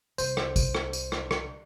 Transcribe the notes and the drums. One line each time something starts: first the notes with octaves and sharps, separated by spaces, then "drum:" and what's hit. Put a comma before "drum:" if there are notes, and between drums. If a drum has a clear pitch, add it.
C2 C5, drum: tambourine
drum: rim click
drum: kick, tambourine
drum: rim click
drum: tambourine
drum: rim click
drum: rim click